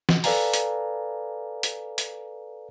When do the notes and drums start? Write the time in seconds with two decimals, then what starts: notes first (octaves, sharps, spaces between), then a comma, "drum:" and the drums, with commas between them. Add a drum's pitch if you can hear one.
0.09 drum: snare
0.24 A4 B4 D5 F5 G#5 A#5, drum: open hi-hat
0.54 drum: hi-hat
1.63 drum: hi-hat
1.98 drum: hi-hat